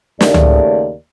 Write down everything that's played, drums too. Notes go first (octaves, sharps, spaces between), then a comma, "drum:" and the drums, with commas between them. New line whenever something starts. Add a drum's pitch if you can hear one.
D#2 C#3 A3 G4 D5, drum: snare
drum: tom C#2